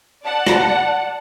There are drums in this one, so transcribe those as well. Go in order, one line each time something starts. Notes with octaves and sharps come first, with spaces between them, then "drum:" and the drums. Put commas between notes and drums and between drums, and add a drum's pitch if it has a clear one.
D5 F#5 A5
drum: rim click